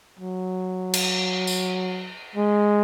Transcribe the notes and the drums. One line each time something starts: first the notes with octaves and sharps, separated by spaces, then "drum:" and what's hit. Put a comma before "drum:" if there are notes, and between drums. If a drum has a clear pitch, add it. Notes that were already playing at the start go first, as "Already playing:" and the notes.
F#3
drum: cymbal
drum: tambourine
G#3